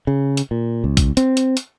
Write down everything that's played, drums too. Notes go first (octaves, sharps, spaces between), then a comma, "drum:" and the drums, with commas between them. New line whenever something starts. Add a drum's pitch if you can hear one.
C#3
drum: hi-hat
A#2
C#2
drum: kick A#1, hi-hat
C4, drum: hi-hat
drum: hi-hat
drum: hi-hat